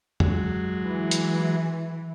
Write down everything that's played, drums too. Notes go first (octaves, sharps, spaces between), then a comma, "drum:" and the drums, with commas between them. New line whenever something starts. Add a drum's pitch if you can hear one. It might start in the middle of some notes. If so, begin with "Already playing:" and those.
F#3 G#3, drum: tom
E3
drum: hi-hat